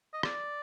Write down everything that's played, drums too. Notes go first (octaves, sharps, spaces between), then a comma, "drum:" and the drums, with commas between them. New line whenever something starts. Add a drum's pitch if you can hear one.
D#5
D5, drum: rim click